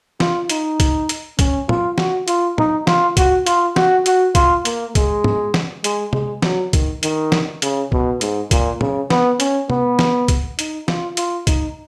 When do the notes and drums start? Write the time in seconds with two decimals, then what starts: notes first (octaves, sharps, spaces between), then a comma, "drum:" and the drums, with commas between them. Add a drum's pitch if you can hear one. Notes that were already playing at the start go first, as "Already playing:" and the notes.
0.20 F4, drum: snare
0.49 D#4, drum: hi-hat
0.80 drum: kick, hi-hat
1.09 drum: hi-hat
1.39 C#4, drum: kick, hi-hat
1.69 F4, drum: tom
1.98 F#4, drum: snare
2.28 F4, drum: hi-hat
2.58 D#4, drum: tom
2.87 F4, drum: snare
3.17 F#4, drum: kick, hi-hat
3.46 F4, drum: hi-hat
3.76 F#4, drum: snare
4.06 F#4, drum: hi-hat
4.35 F4, drum: kick, hi-hat
4.65 A#3, drum: hi-hat
4.95 G#3, drum: kick, hi-hat
5.24 drum: tom
5.54 drum: snare
5.84 G#3, drum: hi-hat
6.13 G#3, drum: tom
6.42 F#3, drum: snare
6.73 D#3, drum: kick, hi-hat
7.03 D#3, drum: hi-hat
7.32 drum: snare
7.62 C#3, drum: hi-hat
7.92 B2, drum: kick
8.21 G#2, drum: hi-hat
8.51 A#2, drum: kick, hi-hat
8.81 C#3, drum: tom
9.10 B3, drum: snare
9.40 C#4, drum: hi-hat
9.70 B3, drum: tom
9.99 drum: snare
10.28 drum: kick, hi-hat
10.59 D#4, drum: hi-hat
10.88 F4, drum: snare
11.17 F4, drum: hi-hat
11.47 D#4, drum: kick, hi-hat